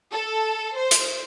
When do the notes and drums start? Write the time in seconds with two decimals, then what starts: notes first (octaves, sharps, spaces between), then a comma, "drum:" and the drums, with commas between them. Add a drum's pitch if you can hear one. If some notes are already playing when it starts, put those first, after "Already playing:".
0.11 A4
0.77 C5
0.91 drum: hi-hat